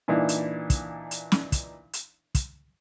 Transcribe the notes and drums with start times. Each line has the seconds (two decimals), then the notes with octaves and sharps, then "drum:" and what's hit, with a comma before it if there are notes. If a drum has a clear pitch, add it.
0.08 A#2 E3 D4 D#4
0.29 drum: hi-hat
0.70 drum: kick, hi-hat
1.11 drum: hi-hat
1.32 drum: snare
1.52 drum: kick, hi-hat
1.93 drum: hi-hat
2.35 drum: kick, hi-hat